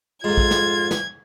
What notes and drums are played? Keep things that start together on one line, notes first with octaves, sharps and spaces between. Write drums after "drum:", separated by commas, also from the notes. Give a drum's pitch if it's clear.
F2 G#2 F4 G#6
drum: kick A#1
drum: snare
drum: snare